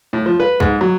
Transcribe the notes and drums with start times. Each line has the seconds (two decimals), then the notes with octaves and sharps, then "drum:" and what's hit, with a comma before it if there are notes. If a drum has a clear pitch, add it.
0.13 A2
0.26 F3
0.40 B4
0.60 G#2, drum: kick C2
0.81 F#3